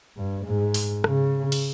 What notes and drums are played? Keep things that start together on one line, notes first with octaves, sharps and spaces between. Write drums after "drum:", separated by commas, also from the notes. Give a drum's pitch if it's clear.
G2
G#2
drum: open hi-hat
C#3, drum: rim click
drum: cymbal